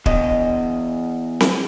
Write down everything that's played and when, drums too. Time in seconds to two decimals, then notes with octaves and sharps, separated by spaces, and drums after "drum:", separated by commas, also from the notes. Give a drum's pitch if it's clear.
0.06 E2 D#5, drum: kick
1.40 drum: snare C4